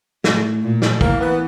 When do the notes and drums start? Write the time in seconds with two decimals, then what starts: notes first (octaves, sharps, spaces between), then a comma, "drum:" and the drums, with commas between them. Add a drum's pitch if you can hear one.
0.24 A2, drum: snare
0.63 A#2
0.82 drum: snare
1.01 E3 A#3, drum: kick
1.20 B3